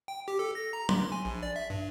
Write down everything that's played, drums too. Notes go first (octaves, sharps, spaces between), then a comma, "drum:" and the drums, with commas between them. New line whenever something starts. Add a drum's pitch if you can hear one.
G5
G4
A4
A#6
A#5
C6, drum: tom
G#5
A#1
D5
E5
G2